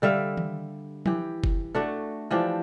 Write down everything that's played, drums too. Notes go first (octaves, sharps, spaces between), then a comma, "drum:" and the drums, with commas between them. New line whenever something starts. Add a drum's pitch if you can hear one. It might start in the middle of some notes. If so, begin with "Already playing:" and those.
D3 G3 E5 F5
drum: tom D#3
E3 G4, drum: tom F3
drum: kick F#1
A3 D4 F#4
E3 F3 D4 G4